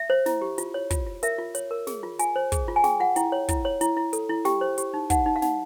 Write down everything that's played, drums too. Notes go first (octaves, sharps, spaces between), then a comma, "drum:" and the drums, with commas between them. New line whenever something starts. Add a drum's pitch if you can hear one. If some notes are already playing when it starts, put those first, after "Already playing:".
Already playing: E5
C5
E4, drum: snare
G4
F4, drum: hi-hat
C#5
F4, drum: kick, hi-hat
F4
A#4 E5, drum: hi-hat
F4
C#5, drum: hi-hat
A#4
G#4, drum: snare
F4
F4 G#5, drum: hi-hat
C5
G#4, drum: kick, hi-hat
F4
G#5
G#4 G5, drum: snare
F4 F#5
E4 G5, drum: hi-hat
C#5
E4, drum: kick, hi-hat
C#5
E4, drum: hi-hat
E4
A4, drum: hi-hat
E4
G4 G5, drum: snare
C5
G4, drum: hi-hat
D#4
D#4 F#5, drum: kick, hi-hat
D#4
F5
D#4 F#5, drum: snare